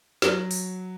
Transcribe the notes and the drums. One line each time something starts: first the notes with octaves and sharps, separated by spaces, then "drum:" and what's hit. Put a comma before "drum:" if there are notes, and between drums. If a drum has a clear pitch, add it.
F#3, drum: snare
drum: open hi-hat